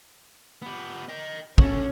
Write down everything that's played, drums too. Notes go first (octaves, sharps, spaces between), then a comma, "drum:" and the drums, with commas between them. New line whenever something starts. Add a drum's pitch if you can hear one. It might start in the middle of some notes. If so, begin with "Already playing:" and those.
B3 G4
D#5 G5
C#4 F#4 A4, drum: kick